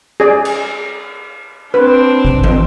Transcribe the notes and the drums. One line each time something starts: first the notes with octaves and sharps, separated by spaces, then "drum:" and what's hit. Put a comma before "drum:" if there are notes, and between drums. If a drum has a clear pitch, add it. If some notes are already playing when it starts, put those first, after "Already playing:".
G#4 D5
drum: cymbal
C4 D4 B4
drum: kick G#1
drum: tom E3